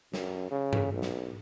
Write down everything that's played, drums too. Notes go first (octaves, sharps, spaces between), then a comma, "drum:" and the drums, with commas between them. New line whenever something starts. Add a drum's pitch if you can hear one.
F#2, drum: snare
C#3
drum: tom G2
B1
drum: snare